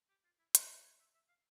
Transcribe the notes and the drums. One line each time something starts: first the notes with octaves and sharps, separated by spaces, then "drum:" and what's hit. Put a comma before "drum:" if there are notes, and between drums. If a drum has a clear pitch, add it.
G4
F4
E4
G#4, drum: hi-hat
A#4
C#5
E5
E5
F5